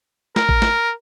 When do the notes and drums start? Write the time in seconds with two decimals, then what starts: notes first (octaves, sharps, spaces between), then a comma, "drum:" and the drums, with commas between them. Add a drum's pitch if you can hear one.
0.36 A#4, drum: snare
0.49 drum: kick A1
0.62 drum: snare